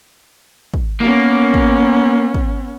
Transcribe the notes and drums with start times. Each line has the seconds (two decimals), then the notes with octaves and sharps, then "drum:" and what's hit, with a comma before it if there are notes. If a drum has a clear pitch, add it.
0.74 drum: kick
1.00 A#3 B3 C#4
1.54 drum: kick
2.34 drum: kick